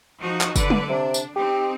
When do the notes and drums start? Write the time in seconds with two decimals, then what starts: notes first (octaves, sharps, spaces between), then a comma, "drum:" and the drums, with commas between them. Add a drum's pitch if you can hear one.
0.20 F3 D#4 F#4
0.41 drum: clap
0.56 D3 B4 D5, drum: kick, tambourine
0.70 drum: tom
0.89 C3 D4
1.14 drum: tambourine
1.36 C4 D#4 G4